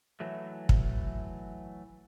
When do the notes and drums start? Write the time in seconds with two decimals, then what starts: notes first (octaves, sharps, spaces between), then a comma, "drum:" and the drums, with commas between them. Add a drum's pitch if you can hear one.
0.20 E3 F#3 A3
0.69 drum: kick